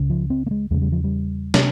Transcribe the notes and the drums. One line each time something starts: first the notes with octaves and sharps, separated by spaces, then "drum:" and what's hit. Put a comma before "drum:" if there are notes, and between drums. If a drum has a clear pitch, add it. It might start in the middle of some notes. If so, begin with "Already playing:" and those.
Already playing: C#2 C#3
F3
C4
A#3
G#3
E2 C#3 G#3
G3
F3
G3
C3, drum: snare